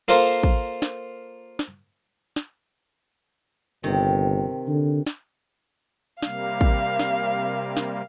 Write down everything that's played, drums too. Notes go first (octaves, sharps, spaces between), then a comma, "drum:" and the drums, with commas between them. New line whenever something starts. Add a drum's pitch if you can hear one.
A#3 F4 A4 A#4 C5
drum: kick
drum: snare
drum: snare
drum: snare
G1 C3 D#3
D3
drum: snare
C3 G3 A#3 F5, drum: snare
drum: kick
drum: snare
drum: snare